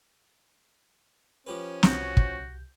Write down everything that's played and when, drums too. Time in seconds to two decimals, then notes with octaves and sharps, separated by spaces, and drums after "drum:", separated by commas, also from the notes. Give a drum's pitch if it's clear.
1.47 F3 C#4 G4 B4
1.83 C2 F#4 G6, drum: snare
2.17 drum: kick